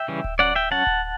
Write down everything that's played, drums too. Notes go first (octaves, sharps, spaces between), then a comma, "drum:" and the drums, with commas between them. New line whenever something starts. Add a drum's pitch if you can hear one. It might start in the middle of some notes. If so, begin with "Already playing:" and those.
Already playing: E5 G5
C#3 E3 G3 C#4
drum: kick D1
F#3 C#4 D5 F#5
E5 G5
F#3 C#4 F#5 A5
drum: kick D1